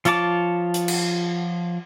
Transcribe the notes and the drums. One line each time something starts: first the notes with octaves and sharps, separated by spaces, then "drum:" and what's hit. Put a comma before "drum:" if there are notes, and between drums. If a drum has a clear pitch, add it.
F3 F4 C#5 A5 D6, drum: hi-hat
drum: hi-hat
drum: cymbal